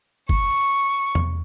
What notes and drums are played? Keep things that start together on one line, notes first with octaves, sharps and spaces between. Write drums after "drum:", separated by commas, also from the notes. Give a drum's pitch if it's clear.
C#6, drum: kick
drum: tom E2